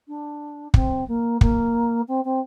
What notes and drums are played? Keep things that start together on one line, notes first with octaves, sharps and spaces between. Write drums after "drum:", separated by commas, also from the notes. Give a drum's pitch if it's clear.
D4
C4, drum: kick
A#3
A#3, drum: kick
C4
C4